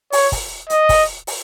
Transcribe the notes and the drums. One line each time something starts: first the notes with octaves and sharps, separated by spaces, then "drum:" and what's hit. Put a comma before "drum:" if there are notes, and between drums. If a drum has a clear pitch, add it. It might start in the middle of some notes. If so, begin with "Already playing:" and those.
C#5, drum: open hi-hat
drum: kick, open hi-hat
D#5, drum: hi-hat
drum: kick, open hi-hat
drum: open hi-hat